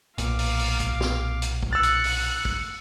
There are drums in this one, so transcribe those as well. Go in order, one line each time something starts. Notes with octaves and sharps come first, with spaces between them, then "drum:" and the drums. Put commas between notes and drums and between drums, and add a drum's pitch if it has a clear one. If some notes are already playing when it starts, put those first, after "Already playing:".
B1 A#2 F5 D6, drum: hi-hat
drum: open hi-hat
drum: open hi-hat
drum: kick A1, hi-hat
drum: snare
drum: hi-hat
drum: kick A1
E6 F#6 A6 C#7
drum: hi-hat
drum: open hi-hat
drum: kick A1